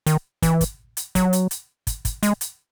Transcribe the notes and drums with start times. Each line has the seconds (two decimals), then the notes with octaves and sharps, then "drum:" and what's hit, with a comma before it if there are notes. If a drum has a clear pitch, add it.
0.06 D#3, drum: hi-hat
0.42 E3, drum: kick, hi-hat
0.61 drum: kick, hi-hat
0.97 drum: hi-hat
1.15 F#3, drum: kick, hi-hat
1.33 drum: hi-hat
1.51 drum: hi-hat
1.87 drum: kick, hi-hat
2.05 drum: kick, hi-hat
2.23 G#3, drum: hi-hat
2.41 drum: hi-hat